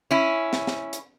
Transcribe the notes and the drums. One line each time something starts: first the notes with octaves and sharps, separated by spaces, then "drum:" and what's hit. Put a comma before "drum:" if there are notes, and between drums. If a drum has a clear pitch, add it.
C#4 E4
drum: snare
drum: snare
drum: hi-hat